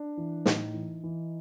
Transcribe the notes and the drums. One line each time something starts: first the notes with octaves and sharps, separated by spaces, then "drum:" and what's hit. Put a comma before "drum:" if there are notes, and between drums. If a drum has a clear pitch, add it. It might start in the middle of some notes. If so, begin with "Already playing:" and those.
Already playing: D4
E3
A2 D#4, drum: snare
E3
E3